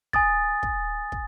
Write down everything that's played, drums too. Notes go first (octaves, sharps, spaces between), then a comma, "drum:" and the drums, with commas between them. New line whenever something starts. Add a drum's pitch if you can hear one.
G#5 D#6 A6, drum: kick
drum: kick
drum: kick